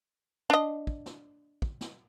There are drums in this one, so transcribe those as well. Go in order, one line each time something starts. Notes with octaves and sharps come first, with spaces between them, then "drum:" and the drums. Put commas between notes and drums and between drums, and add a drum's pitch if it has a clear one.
D4 D#5
drum: kick
drum: snare
drum: kick
drum: snare